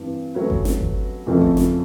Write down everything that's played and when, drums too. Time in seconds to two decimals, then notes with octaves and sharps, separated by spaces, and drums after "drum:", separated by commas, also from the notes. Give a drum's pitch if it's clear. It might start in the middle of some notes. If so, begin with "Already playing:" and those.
Already playing: G2 E3 C4
0.34 F#3 A3 C#4 F#4 B4
0.50 drum: kick G1
0.65 drum: snare
0.80 drum: kick G1
1.27 F2 C#3 F3 A3
1.42 drum: kick G1
1.57 drum: snare